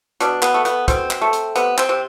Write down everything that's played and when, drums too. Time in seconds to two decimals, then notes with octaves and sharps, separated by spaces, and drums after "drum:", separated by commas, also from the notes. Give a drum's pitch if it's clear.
0.20 B2 D4, drum: hi-hat
0.42 B3, drum: clap
0.54 A3
0.65 B3, drum: hi-hat
0.88 B2 C4, drum: kick, hi-hat
1.11 drum: clap
1.22 A3
1.33 drum: hi-hat
1.56 C3 B3, drum: hi-hat
1.78 C4, drum: clap
1.89 C3